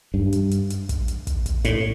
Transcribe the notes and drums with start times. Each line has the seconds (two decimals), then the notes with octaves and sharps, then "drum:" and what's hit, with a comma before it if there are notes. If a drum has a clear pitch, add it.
0.14 G2
0.33 drum: hi-hat
0.51 drum: hi-hat
0.70 drum: hi-hat
0.89 drum: kick, hi-hat
1.08 drum: hi-hat
1.27 drum: kick, hi-hat
1.46 drum: kick, hi-hat
1.65 A2, drum: hi-hat